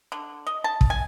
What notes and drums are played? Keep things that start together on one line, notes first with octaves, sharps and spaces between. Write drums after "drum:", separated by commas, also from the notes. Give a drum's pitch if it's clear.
D3
D#5
A5
drum: kick
G#5